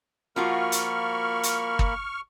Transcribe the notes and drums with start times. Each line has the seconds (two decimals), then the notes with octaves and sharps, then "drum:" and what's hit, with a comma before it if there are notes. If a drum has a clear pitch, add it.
0.36 F3 A#3 F4 F#4 A#4 B5 C#6 F6
0.72 drum: hi-hat
1.43 drum: hi-hat
1.79 drum: kick